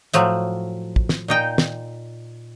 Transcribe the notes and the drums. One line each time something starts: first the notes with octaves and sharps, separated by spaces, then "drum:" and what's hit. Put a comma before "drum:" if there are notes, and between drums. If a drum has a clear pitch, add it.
A2 F3 F#3, drum: hi-hat
drum: kick
drum: snare
A#2 D#4 G5
drum: snare